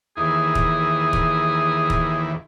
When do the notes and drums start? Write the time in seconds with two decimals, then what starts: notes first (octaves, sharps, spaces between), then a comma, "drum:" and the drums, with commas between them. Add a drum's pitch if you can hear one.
0.17 D#2 E3 G#4
0.55 drum: kick
1.13 drum: kick
1.90 drum: kick